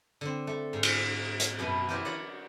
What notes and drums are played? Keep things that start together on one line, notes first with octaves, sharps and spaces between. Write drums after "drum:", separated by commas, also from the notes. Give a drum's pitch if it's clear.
D3 C4
A3
G#2
drum: cymbal
drum: hi-hat
F#2 B2 B3
E3 G4 A#4 C5 D5
F#4 C#5 D5 F#5